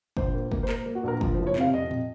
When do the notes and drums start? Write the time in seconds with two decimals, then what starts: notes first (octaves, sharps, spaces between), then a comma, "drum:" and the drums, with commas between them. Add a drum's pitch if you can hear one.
0.17 A#1 C5, drum: kick F#1
0.34 A#3
0.52 A#3, drum: kick F#1
0.63 C5
0.69 A#3 A#4, drum: clap
0.86 A#3
0.95 F#4
1.03 A#1 A#4
1.21 F3, drum: kick F#1
1.34 C5
1.39 F#1
1.47 C#5
1.56 C3 F5, drum: clap
1.73 F2 D#5
1.91 drum: tom A2